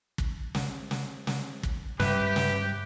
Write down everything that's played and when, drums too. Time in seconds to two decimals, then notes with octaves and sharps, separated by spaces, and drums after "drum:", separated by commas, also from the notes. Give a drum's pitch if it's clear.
0.18 drum: kick
0.55 drum: snare
0.91 drum: snare
1.27 drum: snare
1.63 drum: kick
2.00 G2 G3 G4 B4 E5, drum: snare
2.36 drum: snare